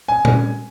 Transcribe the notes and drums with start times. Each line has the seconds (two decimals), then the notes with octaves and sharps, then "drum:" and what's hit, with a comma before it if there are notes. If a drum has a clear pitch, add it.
0.08 G#5
0.25 drum: tom A#2